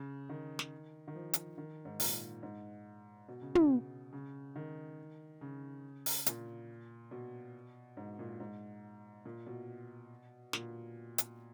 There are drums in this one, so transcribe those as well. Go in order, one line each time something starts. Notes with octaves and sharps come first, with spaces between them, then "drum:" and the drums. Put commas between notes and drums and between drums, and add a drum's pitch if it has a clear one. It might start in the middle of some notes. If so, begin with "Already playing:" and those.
Already playing: C#3
D#3
drum: snare
D#3
F3
drum: hi-hat
D#3
G#2
A#2, drum: open hi-hat
G#2
B2
C#3
B2, drum: tom
C#3
D#3
C#3
drum: open hi-hat
A#2, drum: hi-hat
B2
G#2
A#2
G#2
A#2
B2
A#2, drum: snare
drum: hi-hat